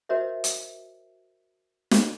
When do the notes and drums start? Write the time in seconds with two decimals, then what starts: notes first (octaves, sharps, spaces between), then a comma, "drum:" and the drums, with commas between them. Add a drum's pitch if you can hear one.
0.09 F#4 A#4 C5 C#5 D#5 E5
0.44 drum: hi-hat
1.91 drum: snare